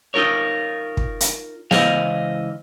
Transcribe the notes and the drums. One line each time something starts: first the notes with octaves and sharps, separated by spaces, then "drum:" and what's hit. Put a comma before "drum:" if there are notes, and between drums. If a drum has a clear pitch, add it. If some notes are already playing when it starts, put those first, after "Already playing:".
D#4 F4 A#4 C#5
drum: kick
drum: hi-hat
C#2 E3 E4 C5 D#5 F5, drum: snare